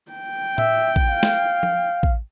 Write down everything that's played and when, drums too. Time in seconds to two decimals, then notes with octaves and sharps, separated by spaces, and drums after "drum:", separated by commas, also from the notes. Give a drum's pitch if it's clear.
0.12 G5
0.58 E5, drum: tom A2
0.96 drum: kick
1.09 F5
1.23 drum: snare
1.63 drum: tom F3
2.03 drum: kick